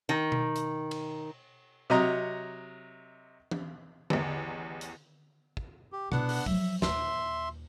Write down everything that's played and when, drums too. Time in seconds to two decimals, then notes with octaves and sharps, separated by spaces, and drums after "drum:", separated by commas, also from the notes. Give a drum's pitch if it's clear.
0.09 D#3
0.32 drum: tom B2
0.56 drum: hi-hat
0.91 drum: cymbal
1.90 C3 F#3 D#5 A#5
3.51 drum: tom E3
4.10 A1 E2, drum: tom D3
4.81 drum: hi-hat
5.57 drum: kick
5.92 G4
6.12 B2 B3 D4 E4 F#5, drum: rim click
6.29 drum: open hi-hat
6.46 F3 F#3 E5, drum: kick
6.82 D#2 A#2 E5 C6, drum: snare